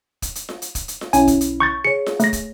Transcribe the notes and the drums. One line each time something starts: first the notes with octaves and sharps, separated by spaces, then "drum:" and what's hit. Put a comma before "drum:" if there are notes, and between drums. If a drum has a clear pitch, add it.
drum: kick, hi-hat
drum: hi-hat
drum: snare F4
drum: hi-hat
drum: kick, hi-hat
drum: hi-hat
drum: snare F4
B1 C#4 E4 G#5, drum: hi-hat
drum: kick, hi-hat
drum: hi-hat
C#6 G6 A6
G#4 C#5 C#7
drum: snare F4
A3 A#6, drum: hi-hat
drum: kick, hi-hat